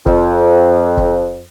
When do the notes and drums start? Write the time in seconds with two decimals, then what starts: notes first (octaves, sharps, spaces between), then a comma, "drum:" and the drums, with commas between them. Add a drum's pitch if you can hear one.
0.06 F2, drum: kick
0.97 drum: kick